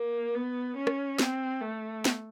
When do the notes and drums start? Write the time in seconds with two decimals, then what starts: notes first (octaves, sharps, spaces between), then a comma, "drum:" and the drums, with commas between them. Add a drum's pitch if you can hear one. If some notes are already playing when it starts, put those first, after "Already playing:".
Already playing: A#3
0.35 B3
0.77 C#4
0.87 drum: rim click
1.19 C4, drum: snare
1.61 A3
2.05 drum: snare